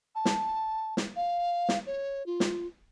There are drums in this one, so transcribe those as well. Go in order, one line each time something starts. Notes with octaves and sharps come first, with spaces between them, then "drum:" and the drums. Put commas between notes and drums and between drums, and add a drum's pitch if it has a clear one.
A5
drum: snare
drum: snare
F5
drum: snare
C#5
F4
drum: snare